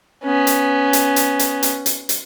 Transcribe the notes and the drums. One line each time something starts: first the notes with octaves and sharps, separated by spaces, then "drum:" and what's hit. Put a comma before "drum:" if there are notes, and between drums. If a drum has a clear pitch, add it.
B3 C#4
drum: hi-hat
drum: hi-hat
drum: hi-hat
drum: hi-hat
drum: hi-hat
drum: hi-hat
drum: hi-hat